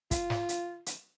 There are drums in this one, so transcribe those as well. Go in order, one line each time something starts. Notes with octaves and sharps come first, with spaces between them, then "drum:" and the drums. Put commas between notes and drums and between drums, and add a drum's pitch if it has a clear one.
F4, drum: kick, hi-hat
drum: snare
drum: hi-hat
drum: hi-hat